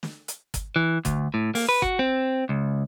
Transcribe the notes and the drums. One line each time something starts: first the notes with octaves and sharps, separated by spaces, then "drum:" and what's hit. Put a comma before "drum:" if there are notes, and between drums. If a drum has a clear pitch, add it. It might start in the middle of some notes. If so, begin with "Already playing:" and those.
drum: snare
drum: hi-hat
drum: kick G1, hi-hat
E3
D2, drum: kick G1, hi-hat
A2
A#3, drum: open hi-hat
B4
F#4, drum: kick G1
C4
C#2